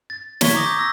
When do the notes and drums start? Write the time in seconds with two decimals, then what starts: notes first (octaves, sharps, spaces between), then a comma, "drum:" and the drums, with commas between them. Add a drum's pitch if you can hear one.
0.10 A6
0.41 C#6 G#6 B6 G7, drum: snare
0.54 A#5 D6 D#6 A#6
0.66 G6
0.79 E6 A#6